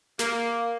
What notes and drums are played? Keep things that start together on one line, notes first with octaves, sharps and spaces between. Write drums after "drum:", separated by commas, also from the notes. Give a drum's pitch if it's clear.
A#3, drum: snare